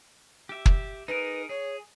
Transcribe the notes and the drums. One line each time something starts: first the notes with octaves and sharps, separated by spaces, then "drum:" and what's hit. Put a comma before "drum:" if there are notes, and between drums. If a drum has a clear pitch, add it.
G4 E5
drum: kick
D#4 G#4 A#4 B4
G#4 C#5